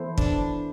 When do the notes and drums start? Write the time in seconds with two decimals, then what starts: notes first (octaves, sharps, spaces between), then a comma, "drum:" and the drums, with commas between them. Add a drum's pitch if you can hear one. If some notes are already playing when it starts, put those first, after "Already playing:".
Already playing: E3 B3 E4 A4 C5
0.18 D4, drum: kick